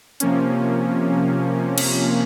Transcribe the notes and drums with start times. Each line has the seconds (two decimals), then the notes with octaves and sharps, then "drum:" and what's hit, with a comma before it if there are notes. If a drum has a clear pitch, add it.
0.20 C3 F3 A#3 C#4, drum: hi-hat
1.78 drum: cymbal